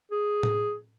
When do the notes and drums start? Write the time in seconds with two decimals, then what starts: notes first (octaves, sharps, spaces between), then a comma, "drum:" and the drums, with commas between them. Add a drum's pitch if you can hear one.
0.11 G#4
0.43 drum: tom A2